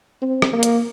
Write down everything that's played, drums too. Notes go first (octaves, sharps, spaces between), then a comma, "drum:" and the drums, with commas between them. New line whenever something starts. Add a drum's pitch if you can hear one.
C4
drum: rim click
A#3
drum: hi-hat